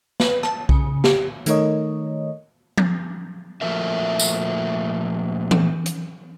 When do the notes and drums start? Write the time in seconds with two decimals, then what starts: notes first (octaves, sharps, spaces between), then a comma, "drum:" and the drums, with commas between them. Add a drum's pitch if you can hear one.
0.20 B4, drum: snare
0.43 A5, drum: rim click
0.69 C#3, drum: kick B1
1.04 G4, drum: snare
1.46 D#3 A3 D#4 A#4 C#5 D#5, drum: hi-hat
2.78 drum: tom F3
3.61 A#2 F3 A3 A#4 E5
4.19 drum: tambourine
5.51 drum: tom E3
5.86 drum: hi-hat